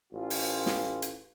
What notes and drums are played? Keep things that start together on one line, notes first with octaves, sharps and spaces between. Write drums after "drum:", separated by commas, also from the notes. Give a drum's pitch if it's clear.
A1 F4
drum: open hi-hat
drum: snare
drum: hi-hat